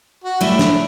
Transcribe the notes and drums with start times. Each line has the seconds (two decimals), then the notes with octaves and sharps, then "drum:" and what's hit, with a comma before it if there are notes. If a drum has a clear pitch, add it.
0.24 F#4
0.41 G3 A3 E4
0.59 D4, drum: snare